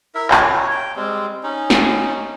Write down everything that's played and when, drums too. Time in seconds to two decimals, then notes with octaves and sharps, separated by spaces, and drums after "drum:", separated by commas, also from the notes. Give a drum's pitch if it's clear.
0.15 E4 A#4 E5
0.31 C#5, drum: clap
0.71 G5
0.96 G3 G#3 C4
1.43 C#4 D#4
1.70 drum: snare